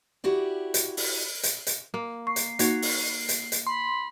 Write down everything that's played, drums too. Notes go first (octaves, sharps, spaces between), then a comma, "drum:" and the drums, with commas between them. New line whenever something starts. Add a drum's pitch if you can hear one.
E4 F#4 G4 D5
drum: hi-hat
drum: open hi-hat
drum: hi-hat
drum: hi-hat
A#3
C#6 C7
drum: hi-hat
A#3 D#4 F#4 C#5, drum: hi-hat
drum: open hi-hat
drum: hi-hat
drum: hi-hat
B5 C6